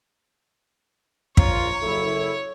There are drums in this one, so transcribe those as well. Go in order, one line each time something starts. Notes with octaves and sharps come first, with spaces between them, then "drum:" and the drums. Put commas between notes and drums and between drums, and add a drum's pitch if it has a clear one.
A#1 F4 C#5 A#5, drum: kick
F#1 E4 A4